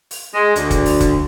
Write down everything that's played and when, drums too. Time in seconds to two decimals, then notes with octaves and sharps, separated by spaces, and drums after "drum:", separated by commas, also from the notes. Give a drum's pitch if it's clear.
0.11 drum: open hi-hat
0.34 G#3
0.56 D2, drum: hi-hat
0.71 drum: kick, hi-hat
0.86 drum: open hi-hat
1.00 drum: kick, hi-hat